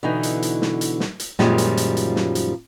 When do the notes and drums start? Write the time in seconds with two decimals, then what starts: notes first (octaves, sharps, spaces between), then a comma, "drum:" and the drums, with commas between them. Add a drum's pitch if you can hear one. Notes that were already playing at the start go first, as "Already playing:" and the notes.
0.03 B2 D3 E3 D#4
0.23 drum: hi-hat
0.42 drum: hi-hat
0.62 drum: snare
0.81 drum: hi-hat
1.00 drum: snare
1.20 drum: hi-hat
1.39 F#2 A#2 D#3 F3 G3 G#3, drum: snare
1.58 drum: hi-hat
1.77 drum: hi-hat
1.97 drum: hi-hat
2.16 drum: snare
2.35 drum: hi-hat